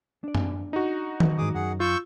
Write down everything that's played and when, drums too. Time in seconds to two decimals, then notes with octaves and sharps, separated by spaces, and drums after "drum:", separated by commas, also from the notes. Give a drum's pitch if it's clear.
0.24 D4 D5
0.35 drum: tom F#2
0.73 D#4 F#4
1.20 drum: tom D#3
1.38 D#2 G#2 G#4 D6 D#6
1.55 F#2 G#4 F#5
1.80 F4 C#6 E6 G6